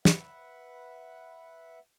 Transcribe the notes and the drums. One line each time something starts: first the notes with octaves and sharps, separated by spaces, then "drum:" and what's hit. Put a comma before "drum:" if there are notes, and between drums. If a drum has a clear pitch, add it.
B4 E5 F#5, drum: snare